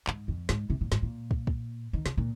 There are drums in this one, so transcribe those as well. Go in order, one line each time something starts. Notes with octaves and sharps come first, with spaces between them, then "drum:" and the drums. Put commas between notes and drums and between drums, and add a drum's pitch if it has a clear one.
G#2, drum: clap
F2
G#2, drum: snare
C3
A#2
G#2, drum: snare
A#2
drum: kick
drum: kick
D#3
C3, drum: snare
A#2